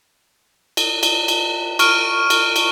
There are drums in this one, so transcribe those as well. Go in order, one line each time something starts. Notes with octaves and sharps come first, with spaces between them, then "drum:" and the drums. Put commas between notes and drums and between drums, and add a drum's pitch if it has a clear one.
drum: cymbal
drum: cymbal
drum: cymbal
C#6 F6 D7 D#7, drum: cymbal
drum: cymbal
drum: cymbal